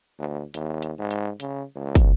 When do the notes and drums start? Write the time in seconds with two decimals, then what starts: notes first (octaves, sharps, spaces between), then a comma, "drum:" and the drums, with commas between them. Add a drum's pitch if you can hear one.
0.19 D2
0.54 D#2, drum: hi-hat
0.82 drum: hi-hat
0.98 G#2
1.11 drum: hi-hat
1.40 C#3, drum: hi-hat
1.75 C#2
1.95 drum: kick, hi-hat